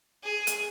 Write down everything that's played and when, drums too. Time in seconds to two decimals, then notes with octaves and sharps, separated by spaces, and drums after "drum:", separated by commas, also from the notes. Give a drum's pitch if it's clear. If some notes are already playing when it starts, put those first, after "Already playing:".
0.24 G#4
0.47 drum: hi-hat